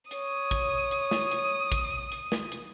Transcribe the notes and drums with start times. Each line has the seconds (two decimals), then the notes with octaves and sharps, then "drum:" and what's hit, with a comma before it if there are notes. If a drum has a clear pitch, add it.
0.11 C#5 D#6, drum: hi-hat
0.51 drum: kick, hi-hat
0.91 drum: hi-hat
1.11 drum: snare
1.31 drum: hi-hat
1.72 drum: kick, hi-hat
2.12 drum: hi-hat
2.32 drum: snare
2.52 drum: hi-hat